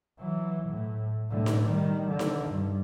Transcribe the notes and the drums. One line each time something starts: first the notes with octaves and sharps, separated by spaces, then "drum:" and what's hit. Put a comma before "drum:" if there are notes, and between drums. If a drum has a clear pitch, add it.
E3 F#3
A2
A2 D3
drum: snare D#4
D#3 G3
D3 D#3
drum: snare D#4
G2